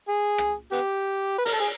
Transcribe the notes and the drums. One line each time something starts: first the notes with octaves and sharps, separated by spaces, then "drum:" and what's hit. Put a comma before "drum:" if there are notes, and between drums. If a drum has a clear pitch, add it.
G#4
drum: rim click
B3 G4
B4
A#4, drum: open hi-hat
A4
G#4